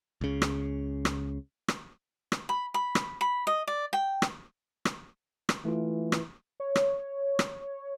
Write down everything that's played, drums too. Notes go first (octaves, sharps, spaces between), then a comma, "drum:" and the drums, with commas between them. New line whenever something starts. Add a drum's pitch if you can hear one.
C#2 C#3
drum: rim click
drum: rim click
drum: rim click
drum: rim click
B5
B5
drum: rim click
B5
D#5
D5
G5
drum: rim click
drum: rim click
drum: rim click
E3 A3 F4
drum: rim click
C#5
drum: rim click
drum: rim click